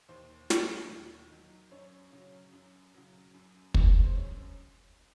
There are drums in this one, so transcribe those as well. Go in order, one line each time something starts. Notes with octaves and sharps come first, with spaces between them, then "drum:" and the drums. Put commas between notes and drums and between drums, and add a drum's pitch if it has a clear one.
D#2 C5
D#3 F#3, drum: snare
D#2
D#3 F#3
F#2 C#5
C#3 F#3
F#2
C#3 F#3
F#2
E3 G#3, drum: kick
C5
F#2 C#5